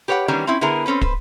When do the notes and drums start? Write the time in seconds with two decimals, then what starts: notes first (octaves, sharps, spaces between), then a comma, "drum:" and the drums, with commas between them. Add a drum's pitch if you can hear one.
0.08 G4 B4 C#5 E5 F#5
0.28 D#3 E3 G3 B3 C#4 D4
0.47 C4 C#4 E4
0.61 D3 B3 E4 G#4 A#4
0.86 C4 C#4 A4 B4
1.01 B4 C5, drum: kick